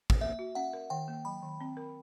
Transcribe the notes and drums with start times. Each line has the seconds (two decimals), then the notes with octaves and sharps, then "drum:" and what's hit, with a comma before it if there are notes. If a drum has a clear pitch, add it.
0.10 drum: kick
0.21 A#3 E5
0.39 F#4
0.55 C#4 F#5
0.73 A#4
0.90 D#3 G5
1.08 A#3
1.25 F#3 B5
1.42 D#3
1.61 C4
1.77 A#4